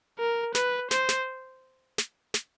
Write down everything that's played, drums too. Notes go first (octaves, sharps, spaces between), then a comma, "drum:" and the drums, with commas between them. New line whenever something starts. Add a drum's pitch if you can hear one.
A#4
B4, drum: snare
C5, drum: snare
drum: snare
drum: snare
drum: snare